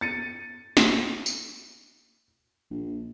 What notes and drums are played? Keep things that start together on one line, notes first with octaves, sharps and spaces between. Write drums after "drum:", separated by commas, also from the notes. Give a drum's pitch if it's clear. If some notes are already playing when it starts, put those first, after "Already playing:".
A6 C#7 D#7
drum: snare
drum: tambourine
A#1